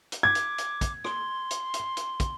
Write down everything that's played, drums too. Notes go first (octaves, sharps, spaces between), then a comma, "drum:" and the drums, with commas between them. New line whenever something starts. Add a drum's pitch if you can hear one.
drum: hi-hat
D6 G#6
drum: hi-hat
drum: hi-hat
drum: kick, hi-hat
C6, drum: rim click
drum: hi-hat
drum: hi-hat
drum: hi-hat
drum: kick, hi-hat